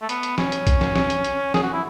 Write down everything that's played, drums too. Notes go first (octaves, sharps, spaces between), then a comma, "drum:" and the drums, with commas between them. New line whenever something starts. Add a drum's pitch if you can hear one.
A3
B3, drum: hi-hat
drum: hi-hat
C#4, drum: snare
drum: hi-hat
drum: kick, hi-hat
drum: snare
drum: snare
drum: hi-hat
drum: hi-hat
G#4, drum: snare
F#4
E4